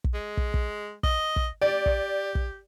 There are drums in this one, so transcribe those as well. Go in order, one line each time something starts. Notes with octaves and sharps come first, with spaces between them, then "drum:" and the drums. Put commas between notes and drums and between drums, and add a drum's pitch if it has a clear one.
drum: kick
G#3
drum: kick
drum: kick
D#5, drum: kick
drum: kick
G4 D5
drum: kick
drum: kick